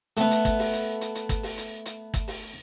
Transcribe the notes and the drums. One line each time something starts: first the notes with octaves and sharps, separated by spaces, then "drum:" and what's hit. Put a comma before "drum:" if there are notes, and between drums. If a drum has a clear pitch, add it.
A3 B3, drum: hi-hat
drum: hi-hat
drum: kick, hi-hat
drum: open hi-hat
drum: hi-hat
drum: hi-hat
drum: hi-hat
drum: kick, hi-hat
drum: open hi-hat
drum: hi-hat
drum: hi-hat
drum: kick, hi-hat
drum: open hi-hat